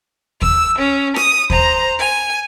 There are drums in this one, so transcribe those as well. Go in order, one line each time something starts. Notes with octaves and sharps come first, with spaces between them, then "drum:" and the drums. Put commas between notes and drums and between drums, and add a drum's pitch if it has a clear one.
E6, drum: kick D#2
C#4
D#6, drum: rim click
C5 A#5, drum: kick D#2
G#5